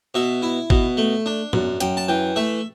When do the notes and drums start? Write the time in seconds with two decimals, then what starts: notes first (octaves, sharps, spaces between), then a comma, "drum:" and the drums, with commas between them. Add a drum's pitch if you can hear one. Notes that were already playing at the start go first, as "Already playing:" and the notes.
0.15 B2 E5
0.42 E4
0.70 B2, drum: kick G#1
0.97 A3
1.26 D4
1.53 F#2, drum: tom
1.80 F#2 G5, drum: hi-hat
1.97 A5
2.08 E3 G5
2.36 A3 E5